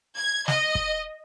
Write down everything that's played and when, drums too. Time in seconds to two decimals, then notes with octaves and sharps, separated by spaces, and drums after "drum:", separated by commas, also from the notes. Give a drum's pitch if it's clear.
0.17 G#6
0.48 D#5, drum: snare
0.75 drum: kick